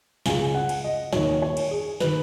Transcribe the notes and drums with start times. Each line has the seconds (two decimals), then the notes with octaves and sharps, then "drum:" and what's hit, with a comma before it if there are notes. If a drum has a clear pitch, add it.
0.26 C#2 C#3 G#5, drum: snare
0.54 F#5
0.69 drum: cymbal
0.84 D#5
1.13 D#2 D#3 C#5, drum: snare
1.42 C#5
1.57 drum: cymbal
1.71 G#4
2.00 D#3 B4, drum: snare